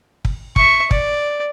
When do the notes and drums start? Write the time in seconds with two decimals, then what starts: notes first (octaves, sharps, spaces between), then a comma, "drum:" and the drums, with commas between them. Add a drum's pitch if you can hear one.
0.25 drum: kick
0.56 E5 C#6, drum: kick
0.91 D5, drum: kick